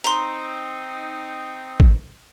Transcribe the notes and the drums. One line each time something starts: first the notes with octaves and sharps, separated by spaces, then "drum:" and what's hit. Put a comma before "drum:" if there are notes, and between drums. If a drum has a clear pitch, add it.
C4 D#4 A#5 C6, drum: hi-hat
drum: kick